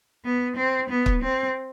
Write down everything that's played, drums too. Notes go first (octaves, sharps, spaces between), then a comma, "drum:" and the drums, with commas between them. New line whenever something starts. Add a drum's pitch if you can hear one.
B3
C4
B3
drum: kick
C4